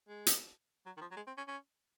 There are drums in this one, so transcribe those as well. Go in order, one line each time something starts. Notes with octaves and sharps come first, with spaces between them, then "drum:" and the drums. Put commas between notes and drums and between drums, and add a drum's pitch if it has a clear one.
G#3
drum: hi-hat
F#3
D#3
F3
F#3
G#3
C4
C#4
C#4